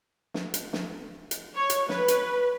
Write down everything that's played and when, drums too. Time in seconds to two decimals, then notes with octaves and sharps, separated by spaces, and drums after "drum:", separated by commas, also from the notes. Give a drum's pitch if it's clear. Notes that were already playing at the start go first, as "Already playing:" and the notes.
0.34 drum: snare
0.54 drum: hi-hat
0.73 drum: snare
1.31 drum: hi-hat
1.55 C#5
1.70 drum: hi-hat
1.89 B4, drum: snare
2.08 drum: hi-hat